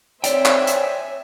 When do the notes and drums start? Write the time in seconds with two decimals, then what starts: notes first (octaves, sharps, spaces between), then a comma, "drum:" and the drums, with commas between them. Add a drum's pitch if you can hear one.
0.24 C4 C#5 D5 E5 G5 G#5, drum: hi-hat
0.45 drum: clap
0.67 drum: hi-hat